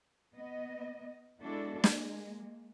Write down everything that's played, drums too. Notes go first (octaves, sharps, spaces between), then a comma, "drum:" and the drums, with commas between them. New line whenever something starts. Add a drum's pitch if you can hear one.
B3 D#5
G#3 B3 D4 E4 F#4 A4
G#3 A#3, drum: snare